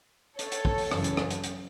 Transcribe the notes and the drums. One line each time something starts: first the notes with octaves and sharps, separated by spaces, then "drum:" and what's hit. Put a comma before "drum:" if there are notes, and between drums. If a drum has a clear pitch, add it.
A4 C#5, drum: hi-hat
drum: hi-hat
drum: kick
drum: open hi-hat
F#2 C#3 E3, drum: rim click
drum: hi-hat
drum: rim click
drum: hi-hat
drum: hi-hat